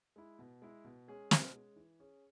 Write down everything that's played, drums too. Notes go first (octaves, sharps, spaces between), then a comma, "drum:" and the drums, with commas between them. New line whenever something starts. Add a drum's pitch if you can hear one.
G#3 E4
B2
G#3 E4
B2
G#3 C#4 G#4
B2, drum: snare
G#3 C#4 G#4
E3
C#4 G#4